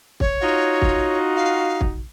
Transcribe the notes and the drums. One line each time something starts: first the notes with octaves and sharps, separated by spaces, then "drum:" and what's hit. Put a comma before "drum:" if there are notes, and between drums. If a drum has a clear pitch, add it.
C#5, drum: kick
D#4 F4 F#4
drum: kick
F5
drum: kick